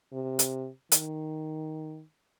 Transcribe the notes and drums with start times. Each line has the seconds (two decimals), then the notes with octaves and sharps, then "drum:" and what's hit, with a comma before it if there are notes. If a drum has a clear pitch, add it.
0.13 C3
0.39 drum: hi-hat
0.92 D#3, drum: hi-hat